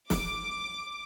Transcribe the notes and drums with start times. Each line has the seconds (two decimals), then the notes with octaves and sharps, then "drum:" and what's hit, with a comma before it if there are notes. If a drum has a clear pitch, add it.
0.10 D6, drum: snare